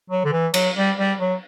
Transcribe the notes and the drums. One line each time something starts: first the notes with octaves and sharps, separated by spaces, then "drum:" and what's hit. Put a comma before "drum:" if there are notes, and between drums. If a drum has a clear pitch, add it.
F#3
D3
E3
F#3, drum: cymbal
G3
G3
F#3